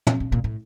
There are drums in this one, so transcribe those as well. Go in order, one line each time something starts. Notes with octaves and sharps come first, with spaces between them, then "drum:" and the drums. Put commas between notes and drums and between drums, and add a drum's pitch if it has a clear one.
drum: tom
A#2
A#2
A2